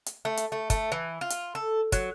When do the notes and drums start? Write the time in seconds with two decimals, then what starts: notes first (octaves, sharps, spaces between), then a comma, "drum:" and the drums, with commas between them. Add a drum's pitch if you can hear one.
0.06 drum: hi-hat
0.25 A3
0.37 drum: hi-hat
0.52 A3
0.70 A3, drum: kick, hi-hat
0.92 E3
1.21 F4
1.30 drum: hi-hat
1.55 A4
1.92 F#3, drum: kick, hi-hat